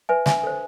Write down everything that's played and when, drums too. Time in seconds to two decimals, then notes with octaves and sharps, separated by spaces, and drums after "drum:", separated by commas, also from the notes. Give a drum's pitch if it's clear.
0.09 B4 E5 G#5
0.26 D4 E5 G#5, drum: snare
0.43 A4 C5